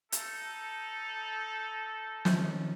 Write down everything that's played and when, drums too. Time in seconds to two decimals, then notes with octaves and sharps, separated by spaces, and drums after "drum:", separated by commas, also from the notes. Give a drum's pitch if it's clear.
0.12 D#4 A4, drum: hi-hat
2.25 D#3 F3 C#4, drum: snare